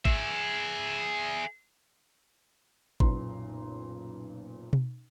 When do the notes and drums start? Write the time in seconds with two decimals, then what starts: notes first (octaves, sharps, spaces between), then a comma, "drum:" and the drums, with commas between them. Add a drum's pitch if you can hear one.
0.05 G#4 E5, drum: kick
3.00 F#1 B1 A#2 B4 A#5 C6, drum: kick
4.73 drum: tom B2